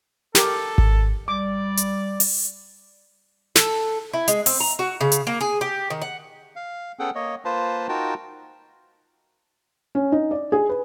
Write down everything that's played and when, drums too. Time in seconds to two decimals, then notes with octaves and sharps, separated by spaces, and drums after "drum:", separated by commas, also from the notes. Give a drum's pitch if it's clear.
0.35 G4 A4 A#4, drum: snare
0.78 drum: kick G#1
1.28 G3 D5 D6
1.77 drum: hi-hat
2.20 drum: open hi-hat
3.55 A4, drum: snare
4.13 E4
4.28 G#3, drum: hi-hat
4.46 C4, drum: open hi-hat
4.60 A#5
4.79 F#4
5.01 C#3
5.12 drum: hi-hat
5.27 A#3
5.41 G#4
5.61 G4
5.90 D#3
6.02 F#5
6.56 F5
6.99 B3 C#4 G#4 A4 F#5 G5
7.15 A#3 C#5 D#5
7.45 A#3 F4 B4 C5 A5
7.89 D#4 F4 F#4 A#4 G5 A5
9.95 C#4
10.12 D#4
10.31 D5
10.52 G#4
10.69 B4